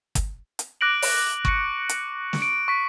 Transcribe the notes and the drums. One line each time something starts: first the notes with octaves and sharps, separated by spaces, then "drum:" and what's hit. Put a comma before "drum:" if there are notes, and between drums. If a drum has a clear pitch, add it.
drum: kick, hi-hat
drum: hi-hat
D6 F#6 A#6 D7 F#7
drum: open hi-hat
C#6 C#7, drum: kick
drum: hi-hat
drum: snare
D7
C#6 B6